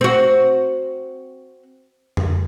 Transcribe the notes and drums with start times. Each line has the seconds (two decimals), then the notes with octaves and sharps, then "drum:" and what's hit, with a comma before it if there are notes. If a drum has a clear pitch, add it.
0.01 C4 F#4
2.17 drum: tom F2